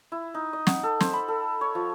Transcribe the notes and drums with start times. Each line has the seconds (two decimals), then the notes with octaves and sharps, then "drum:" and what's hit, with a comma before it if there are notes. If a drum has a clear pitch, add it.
0.12 E4
0.34 D#4
0.53 D#5
0.67 F#5, drum: snare
0.83 A4
1.00 C5, drum: snare
1.13 B5
1.28 A4
1.61 C#5
1.75 F3